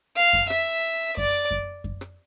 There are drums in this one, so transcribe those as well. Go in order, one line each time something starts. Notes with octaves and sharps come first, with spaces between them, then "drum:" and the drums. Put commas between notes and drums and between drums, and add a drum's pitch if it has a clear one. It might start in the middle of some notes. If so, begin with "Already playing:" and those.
F5
drum: kick F#2
E5, drum: rim click
D5, drum: kick F#2
drum: kick F#2
drum: kick F#2
drum: rim click